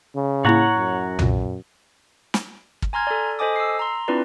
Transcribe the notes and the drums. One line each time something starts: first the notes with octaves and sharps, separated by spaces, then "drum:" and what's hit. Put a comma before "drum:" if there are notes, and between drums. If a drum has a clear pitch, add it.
C#3
A2 A#3 E4 C#5 F#5 A#5
F#2
F2 A#2, drum: tom B1
drum: snare
drum: kick
G#5 A#5 C6 F6 G#6
A4 D5
A4 C5 D#5 G#5 D6 D#6
E6 C7
A#5 C6
C4 D4 E4 F4 B4 D5